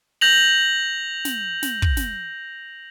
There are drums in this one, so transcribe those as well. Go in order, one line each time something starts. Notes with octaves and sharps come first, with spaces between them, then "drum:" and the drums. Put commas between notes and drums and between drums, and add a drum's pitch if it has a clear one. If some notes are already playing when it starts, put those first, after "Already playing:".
G6 A#6 F7 F#7
drum: snare
drum: snare
drum: kick
drum: snare